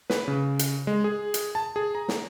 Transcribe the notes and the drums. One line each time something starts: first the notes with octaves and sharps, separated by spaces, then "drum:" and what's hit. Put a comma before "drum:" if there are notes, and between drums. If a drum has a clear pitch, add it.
B4, drum: snare
C#3
drum: hi-hat
G#3
G#4
drum: hi-hat
A5
G#4
A#5
drum: snare